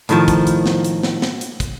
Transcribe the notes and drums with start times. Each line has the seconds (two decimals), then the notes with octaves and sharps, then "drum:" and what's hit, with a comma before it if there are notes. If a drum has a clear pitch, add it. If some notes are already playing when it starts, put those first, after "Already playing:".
0.09 A2 D#3 F3, drum: hi-hat
0.28 drum: kick, hi-hat
0.47 drum: hi-hat
0.66 drum: snare
0.85 drum: hi-hat
1.03 drum: snare
1.22 drum: snare
1.41 drum: hi-hat
1.60 drum: kick, hi-hat